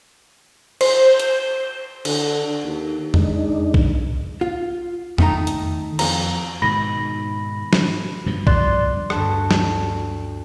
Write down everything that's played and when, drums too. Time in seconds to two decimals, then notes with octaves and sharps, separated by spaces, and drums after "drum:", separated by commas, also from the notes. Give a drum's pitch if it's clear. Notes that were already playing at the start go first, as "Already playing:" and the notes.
0.81 C5, drum: cymbal
1.19 drum: hi-hat
2.05 D3, drum: cymbal
2.64 D#2
3.14 G#3 D4 D#4, drum: tom E2
3.74 drum: kick B1
4.41 F4
5.18 D#3 A3 D#4 D5 A#5, drum: tom E2
5.47 drum: hi-hat
5.99 F2 A#5, drum: cymbal
6.62 G#2 B2 D#3 B5 A#6
7.73 drum: snare
8.26 G2 B2 F3
8.47 D5 C6 F#6, drum: kick B1
9.10 D2 G2 A5 F#6, drum: rim click
9.51 drum: snare